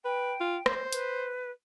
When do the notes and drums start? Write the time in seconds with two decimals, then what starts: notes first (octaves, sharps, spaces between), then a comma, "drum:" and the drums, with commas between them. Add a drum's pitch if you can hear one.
0.05 B4 G5
0.40 F4
0.66 C5, drum: rim click
0.93 B4, drum: hi-hat